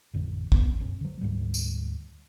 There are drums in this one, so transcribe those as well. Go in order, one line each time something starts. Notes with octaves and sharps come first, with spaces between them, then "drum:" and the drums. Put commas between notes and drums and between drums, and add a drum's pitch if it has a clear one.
A1 F2 D3
E2 D3 B3 C#4, drum: kick
F#1 B1 C#4
D3 F#3
D2 G#2 G3
drum: tambourine